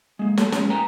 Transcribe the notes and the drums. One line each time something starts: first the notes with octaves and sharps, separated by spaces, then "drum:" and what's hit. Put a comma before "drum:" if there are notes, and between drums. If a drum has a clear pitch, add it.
G#3 A#3
A#3 A4 A5, drum: snare
A#2 G#3 C#4, drum: snare
A#4 B4 G5 G#5 A#5